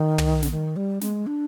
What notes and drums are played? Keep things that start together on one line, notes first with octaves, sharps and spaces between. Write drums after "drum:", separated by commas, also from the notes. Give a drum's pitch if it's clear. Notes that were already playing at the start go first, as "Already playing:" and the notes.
Already playing: D#3
drum: tom
D3, drum: snare
D#3
G3
G#3, drum: snare
D4